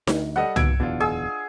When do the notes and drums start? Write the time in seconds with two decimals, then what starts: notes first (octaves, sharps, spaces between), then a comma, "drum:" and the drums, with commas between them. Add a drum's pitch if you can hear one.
0.07 D2, drum: snare D#4
0.36 G3 A4 D#5 F#5
0.56 D#2 B2 E6 G#6 D7, drum: tom
0.80 D1 E2 B2 D4 F4
1.00 G#4 E6